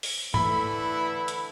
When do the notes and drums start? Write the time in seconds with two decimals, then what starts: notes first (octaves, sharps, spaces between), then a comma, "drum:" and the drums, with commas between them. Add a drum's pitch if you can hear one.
0.03 drum: open hi-hat
0.34 D3 E3 A3 E4 A4 B5, drum: tom G#2
1.28 drum: hi-hat